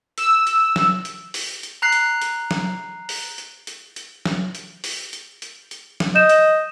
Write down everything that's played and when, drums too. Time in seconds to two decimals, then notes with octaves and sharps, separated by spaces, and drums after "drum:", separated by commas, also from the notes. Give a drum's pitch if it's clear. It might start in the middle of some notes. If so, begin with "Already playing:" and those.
0.18 E6, drum: hi-hat
0.47 drum: hi-hat
0.76 drum: snare
1.05 drum: hi-hat
1.34 drum: open hi-hat
1.63 drum: hi-hat
1.82 A#5 F#6 C7
1.92 drum: hi-hat
2.22 drum: hi-hat
2.51 drum: snare
3.09 drum: open hi-hat
3.38 drum: hi-hat
3.67 drum: hi-hat
3.96 drum: hi-hat
4.25 drum: snare
4.55 drum: hi-hat
4.84 drum: open hi-hat
5.13 drum: hi-hat
5.42 drum: hi-hat
5.71 drum: hi-hat
6.00 drum: snare
6.15 D#5 G6 E7
6.29 drum: hi-hat